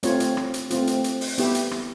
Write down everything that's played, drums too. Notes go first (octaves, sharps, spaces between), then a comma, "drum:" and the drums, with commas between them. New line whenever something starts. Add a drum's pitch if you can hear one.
A3 C4 F4 C#5, drum: hi-hat
drum: hi-hat
drum: rim click
drum: hi-hat
A3 C4 F4, drum: hi-hat
drum: hi-hat
drum: hi-hat
drum: open hi-hat
B3 E4 G4, drum: hi-hat
drum: hi-hat
drum: rim click